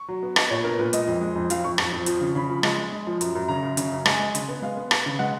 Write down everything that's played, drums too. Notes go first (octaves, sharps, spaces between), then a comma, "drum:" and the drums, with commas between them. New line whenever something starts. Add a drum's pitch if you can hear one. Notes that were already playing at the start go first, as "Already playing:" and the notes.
Already playing: C#6
F#3
B3
B3 D#5, drum: rim click
A#2 C#5
B3 A#4
A#2 B4
G#3 D#5, drum: hi-hat
F2
G#3
F2
F2 F5, drum: hi-hat
F2 C#6
F2, drum: rim click
F2
F3, drum: hi-hat
C#3
C#3 B5
F3
G#3, drum: rim click
G#3
G#3
F3
F#2, drum: hi-hat
F#2
C#3 A#5
F#2
C#3, drum: hi-hat
F#2
G#3 G#5, drum: rim click
G#3
C#3, drum: hi-hat
B3
G#3 F5
B3
B3, drum: rim click
C#3
G#3 F#5